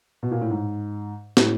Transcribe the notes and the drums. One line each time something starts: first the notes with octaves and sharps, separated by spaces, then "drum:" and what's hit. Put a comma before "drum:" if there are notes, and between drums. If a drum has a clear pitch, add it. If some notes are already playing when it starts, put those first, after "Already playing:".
B2
A#2
A2
G#2
A2, drum: snare